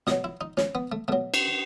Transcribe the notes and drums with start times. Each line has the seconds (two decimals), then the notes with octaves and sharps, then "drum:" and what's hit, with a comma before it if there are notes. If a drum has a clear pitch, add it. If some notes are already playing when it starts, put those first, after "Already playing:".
0.07 B2 F#3 D#5, drum: snare
0.24 E4
0.41 D#4
0.57 C#4, drum: snare
0.75 B3
0.92 A3
1.08 B2 F#3 A3
1.34 drum: cymbal